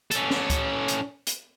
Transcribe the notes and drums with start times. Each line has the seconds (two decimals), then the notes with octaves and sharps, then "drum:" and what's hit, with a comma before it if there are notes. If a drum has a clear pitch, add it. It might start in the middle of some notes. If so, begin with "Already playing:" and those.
0.11 C#4 A4, drum: hi-hat
0.31 drum: snare
0.50 drum: kick C#2, hi-hat
0.88 drum: hi-hat
1.27 drum: hi-hat